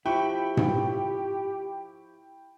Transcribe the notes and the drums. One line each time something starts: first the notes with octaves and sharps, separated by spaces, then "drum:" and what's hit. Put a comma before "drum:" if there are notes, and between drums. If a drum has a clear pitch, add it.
F3 E4 G4 G5 B5 C#6
drum: tom G#2